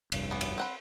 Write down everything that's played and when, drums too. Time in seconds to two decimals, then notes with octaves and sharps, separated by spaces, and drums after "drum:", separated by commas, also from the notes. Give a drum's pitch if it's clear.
0.12 F1 C2 G2, drum: cymbal
0.31 E3 B3
0.41 drum: cymbal
0.58 C4 F#5 B5